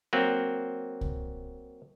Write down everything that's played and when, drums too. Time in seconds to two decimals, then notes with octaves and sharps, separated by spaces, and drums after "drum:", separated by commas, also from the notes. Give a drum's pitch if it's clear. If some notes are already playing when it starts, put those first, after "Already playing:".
0.13 F#3 A#3 C4
1.01 drum: kick C2